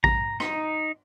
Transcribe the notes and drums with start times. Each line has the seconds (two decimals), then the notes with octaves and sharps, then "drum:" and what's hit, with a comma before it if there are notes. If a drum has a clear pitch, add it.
0.04 A#5, drum: kick A1
0.40 D#4, drum: rim click